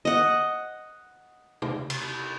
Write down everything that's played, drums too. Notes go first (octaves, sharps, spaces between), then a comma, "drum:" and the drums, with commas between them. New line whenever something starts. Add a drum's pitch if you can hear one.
D#5 F#5
drum: tom
drum: cymbal